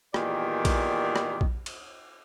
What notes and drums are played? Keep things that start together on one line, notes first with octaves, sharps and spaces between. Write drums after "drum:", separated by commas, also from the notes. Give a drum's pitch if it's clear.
E2 A#2 D#3 G3 D5, drum: rim click
drum: kick A#1, cymbal
drum: rim click
drum: kick A#1
drum: cymbal